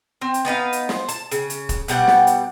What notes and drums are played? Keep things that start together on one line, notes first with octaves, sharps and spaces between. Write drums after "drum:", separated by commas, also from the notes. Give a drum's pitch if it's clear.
C4
drum: hi-hat
B3 D#4 B4 F5
drum: hi-hat
C5, drum: snare
A5, drum: hi-hat
C#3, drum: hi-hat
drum: hi-hat
drum: kick, hi-hat
B2 G3 F#5 G5, drum: hi-hat
drum: snare
drum: hi-hat